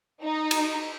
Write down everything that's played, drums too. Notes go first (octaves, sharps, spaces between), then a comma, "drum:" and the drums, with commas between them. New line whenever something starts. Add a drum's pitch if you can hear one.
D#4
drum: cymbal